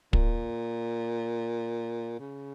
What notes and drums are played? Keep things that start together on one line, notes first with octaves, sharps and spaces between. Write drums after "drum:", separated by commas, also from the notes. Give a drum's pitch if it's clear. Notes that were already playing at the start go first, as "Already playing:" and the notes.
A#2, drum: kick
C#3